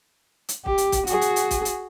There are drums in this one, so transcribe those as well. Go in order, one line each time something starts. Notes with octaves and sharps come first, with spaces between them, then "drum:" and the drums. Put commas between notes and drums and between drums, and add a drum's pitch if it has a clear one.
drum: hi-hat
G4, drum: kick
drum: hi-hat
drum: kick, hi-hat
F#4 G#4, drum: hi-hat
drum: hi-hat
drum: hi-hat
drum: kick, hi-hat
drum: hi-hat